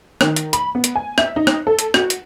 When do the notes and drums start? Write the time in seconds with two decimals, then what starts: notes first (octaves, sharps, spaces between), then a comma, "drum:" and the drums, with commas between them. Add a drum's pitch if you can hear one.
0.21 D#3, drum: rim click
0.36 drum: hi-hat
0.53 B5, drum: hi-hat
0.75 B3
0.84 drum: hi-hat
0.96 G#5
1.18 E5, drum: rim click
1.36 D#4
1.47 drum: rim click
1.67 A4
1.79 drum: hi-hat
1.94 F#4, drum: rim click
2.10 drum: hi-hat